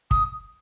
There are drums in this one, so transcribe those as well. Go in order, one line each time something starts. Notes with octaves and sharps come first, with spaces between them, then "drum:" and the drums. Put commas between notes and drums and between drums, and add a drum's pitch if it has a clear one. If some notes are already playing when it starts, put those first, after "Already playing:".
D#6, drum: kick